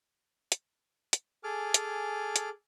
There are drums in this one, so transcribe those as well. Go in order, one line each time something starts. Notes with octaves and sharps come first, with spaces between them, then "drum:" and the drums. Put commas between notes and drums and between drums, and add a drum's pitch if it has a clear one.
drum: hi-hat
drum: hi-hat
G#4 A4 G#5 D6 F6
drum: hi-hat
drum: hi-hat